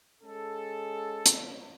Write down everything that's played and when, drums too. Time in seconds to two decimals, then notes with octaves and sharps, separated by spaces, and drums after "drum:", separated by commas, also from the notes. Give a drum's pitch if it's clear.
0.22 G#3 C#4 G#4 A4
1.26 drum: hi-hat